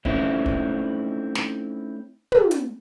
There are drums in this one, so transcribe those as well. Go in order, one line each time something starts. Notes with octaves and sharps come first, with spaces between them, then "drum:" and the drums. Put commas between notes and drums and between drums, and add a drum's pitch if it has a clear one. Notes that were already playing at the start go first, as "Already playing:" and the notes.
A3 C4 C#4 D#4 E4, drum: kick
drum: kick
drum: snare
drum: tom
drum: hi-hat